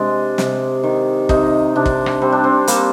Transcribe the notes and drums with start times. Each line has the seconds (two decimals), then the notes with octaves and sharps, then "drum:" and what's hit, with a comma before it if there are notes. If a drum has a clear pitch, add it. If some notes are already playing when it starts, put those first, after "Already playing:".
Already playing: C3 G#3 D4
0.38 C3, drum: snare
0.83 D#3
1.29 C3 D#4, drum: kick
1.76 C3 D4
1.86 drum: kick
2.06 drum: rim click
2.22 G3 C4
2.32 D4
2.44 C4
2.67 G3 A#3, drum: hi-hat